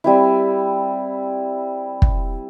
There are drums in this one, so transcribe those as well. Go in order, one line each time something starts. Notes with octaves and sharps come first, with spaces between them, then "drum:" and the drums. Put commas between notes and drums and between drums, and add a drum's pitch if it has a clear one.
G3 C4 E4
drum: kick